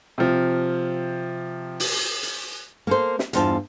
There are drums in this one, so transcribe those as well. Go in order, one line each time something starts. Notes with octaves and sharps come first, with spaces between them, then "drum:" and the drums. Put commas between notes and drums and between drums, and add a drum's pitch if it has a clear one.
C3 F3
drum: open hi-hat
drum: hi-hat
A#3 A4 C5
drum: snare
E2 G2 F4 C5 A5, drum: hi-hat